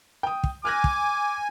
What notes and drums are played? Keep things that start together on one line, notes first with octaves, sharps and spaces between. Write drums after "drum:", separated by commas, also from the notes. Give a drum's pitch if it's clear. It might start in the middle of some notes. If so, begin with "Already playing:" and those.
G5 D#6
drum: kick
G#5 D6 F6 F#6 A#6
drum: kick